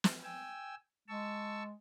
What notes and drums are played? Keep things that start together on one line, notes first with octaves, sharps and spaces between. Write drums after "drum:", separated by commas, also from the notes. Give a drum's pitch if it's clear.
drum: snare
G5 G#5 E6
G#3 A5 C#6 E6